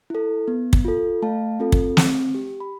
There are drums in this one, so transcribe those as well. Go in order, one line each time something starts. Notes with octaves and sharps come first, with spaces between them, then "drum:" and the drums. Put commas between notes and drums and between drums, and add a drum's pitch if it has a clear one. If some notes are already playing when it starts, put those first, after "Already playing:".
E4 A4
B3
drum: kick
F4 A4
A3 F5 A5
C4 F4 A4
drum: kick
C4, drum: snare
G4
B5